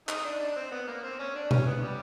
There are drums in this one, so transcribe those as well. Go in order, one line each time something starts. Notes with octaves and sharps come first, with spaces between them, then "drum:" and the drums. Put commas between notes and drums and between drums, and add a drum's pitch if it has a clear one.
D#4, drum: clap
D4
D4
C4
B3
A#3
C4
C#4
D4
C#4, drum: tom B2
B3
G3